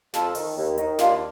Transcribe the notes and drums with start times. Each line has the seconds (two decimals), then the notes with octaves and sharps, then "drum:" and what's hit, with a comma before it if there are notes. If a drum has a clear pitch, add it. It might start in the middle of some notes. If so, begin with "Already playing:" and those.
0.14 F2 F4 A4, drum: snare
0.35 D#3, drum: open hi-hat
0.57 D#2
0.78 D#3, drum: hi-hat
0.99 D#2 D4 F4, drum: snare